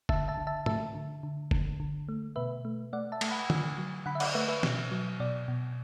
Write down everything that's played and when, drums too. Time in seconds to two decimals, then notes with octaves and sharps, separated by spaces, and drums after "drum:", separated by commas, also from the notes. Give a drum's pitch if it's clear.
0.09 D3 E5 A5, drum: kick
0.28 E5 A5
0.38 D3
0.47 E5 A5
0.66 A3 E5 A5, drum: tom
0.95 D3
1.23 D3
1.51 D3, drum: kick
1.80 D3
2.09 A3
2.36 B2 B4 E5
2.65 A3
2.93 A3 D5 F#5
3.12 E5 A5
3.21 A3, drum: cymbal
3.30 F#5 B5
3.50 D3, drum: tom
3.78 F#3
4.06 D3 F#5 B5
4.15 E5
4.20 D5 F#5, drum: cymbal
4.35 A3 B4 E5
4.48 B4 E5
4.63 B2, drum: snare
4.91 F#3
5.20 B2 D5
5.48 B2